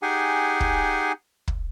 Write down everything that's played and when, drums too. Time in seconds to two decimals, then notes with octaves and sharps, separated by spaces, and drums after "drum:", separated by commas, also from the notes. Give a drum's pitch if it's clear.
0.02 D#4 G4 G#4 F#5 G#5
0.60 drum: kick
1.48 drum: kick